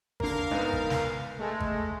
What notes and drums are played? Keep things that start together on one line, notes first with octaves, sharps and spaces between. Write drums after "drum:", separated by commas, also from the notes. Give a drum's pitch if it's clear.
D3 A#3 A#4 F5, drum: kick G#1
G#2 B3
drum: kick G#1
drum: snare
G#3 A3
drum: kick G#1